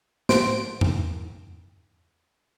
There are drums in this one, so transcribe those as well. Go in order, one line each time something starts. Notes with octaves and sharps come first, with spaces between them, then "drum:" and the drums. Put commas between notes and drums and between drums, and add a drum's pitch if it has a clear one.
A2 C5 D7, drum: snare
drum: tom E2